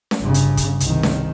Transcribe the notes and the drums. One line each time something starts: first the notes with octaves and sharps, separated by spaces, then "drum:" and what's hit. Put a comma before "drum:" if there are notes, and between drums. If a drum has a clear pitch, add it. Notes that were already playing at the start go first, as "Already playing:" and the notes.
drum: snare C#4
G1 C#3
drum: hi-hat
drum: kick, hi-hat
C2 D#3, drum: hi-hat
drum: snare C#4